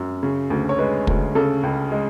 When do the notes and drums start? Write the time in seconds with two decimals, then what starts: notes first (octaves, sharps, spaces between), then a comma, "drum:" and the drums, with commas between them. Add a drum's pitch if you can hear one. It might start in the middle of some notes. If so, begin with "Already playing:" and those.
Already playing: F#2
0.23 C#3
0.50 D2
0.69 C#5
0.79 G#3 B4
1.07 D2, drum: kick
1.35 C#3 A4
1.63 C#2
1.92 G#3